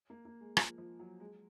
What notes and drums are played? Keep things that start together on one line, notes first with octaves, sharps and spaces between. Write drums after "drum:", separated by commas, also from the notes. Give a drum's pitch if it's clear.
A#3
A#3
G#3
F3, drum: rim click
F3
F#3
G#3